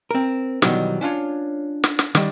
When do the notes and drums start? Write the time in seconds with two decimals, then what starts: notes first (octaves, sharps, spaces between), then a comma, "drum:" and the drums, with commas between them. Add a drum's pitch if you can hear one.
0.11 C4 A#4
0.62 B2 D#3 E3 F#3 G3, drum: snare
1.01 C#4 D4 F4 C#5
1.84 drum: snare
1.99 drum: snare
2.15 D#3 G3, drum: snare